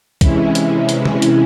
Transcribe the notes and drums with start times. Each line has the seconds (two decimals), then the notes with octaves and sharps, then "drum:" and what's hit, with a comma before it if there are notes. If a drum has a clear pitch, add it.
0.21 C3 E3 G#3 C#4 E4, drum: kick C2, hi-hat
0.55 drum: hi-hat
0.89 drum: hi-hat
1.05 drum: tom C3
1.22 drum: hi-hat